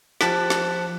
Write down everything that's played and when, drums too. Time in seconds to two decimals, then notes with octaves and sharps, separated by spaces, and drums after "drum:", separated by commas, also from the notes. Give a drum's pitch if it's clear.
0.21 F3 G4 A5 F#6 B6, drum: snare
0.50 drum: snare